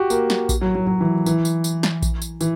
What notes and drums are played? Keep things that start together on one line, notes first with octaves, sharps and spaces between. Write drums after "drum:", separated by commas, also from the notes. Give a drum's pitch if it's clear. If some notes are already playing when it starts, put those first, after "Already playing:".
Already playing: F#4 G4
A#3, drum: tambourine
drum: snare
drum: kick A#1, tambourine
F#3
F#3
F#3
E3
E3, drum: tambourine
drum: tambourine
drum: tambourine
drum: snare
drum: kick A#1, tambourine
drum: tambourine
E3, drum: tambourine